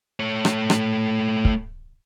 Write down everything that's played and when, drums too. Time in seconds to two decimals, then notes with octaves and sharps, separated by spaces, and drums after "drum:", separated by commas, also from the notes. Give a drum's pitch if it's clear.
0.20 A3 C#5
0.45 drum: rim click
0.70 drum: rim click
1.45 drum: kick